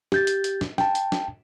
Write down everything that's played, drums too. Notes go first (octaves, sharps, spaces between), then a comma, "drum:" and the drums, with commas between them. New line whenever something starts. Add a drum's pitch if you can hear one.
G4 G6 A6, drum: snare
drum: hi-hat
drum: hi-hat
drum: snare
G5 A5, drum: snare
drum: hi-hat
drum: snare